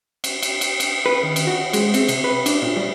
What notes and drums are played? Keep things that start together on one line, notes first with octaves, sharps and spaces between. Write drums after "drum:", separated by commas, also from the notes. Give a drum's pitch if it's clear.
drum: cymbal
drum: cymbal
drum: cymbal
drum: cymbal
B4
D#3
drum: cymbal
F#4
G#3, drum: cymbal
C4, drum: cymbal
C3, drum: cymbal
B4
D4, drum: cymbal
A#2
G3